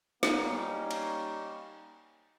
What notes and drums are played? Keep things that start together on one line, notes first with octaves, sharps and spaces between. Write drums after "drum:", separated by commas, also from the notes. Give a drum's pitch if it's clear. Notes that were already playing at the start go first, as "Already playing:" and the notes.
G3 A#3 C#4 D#4, drum: snare
drum: cymbal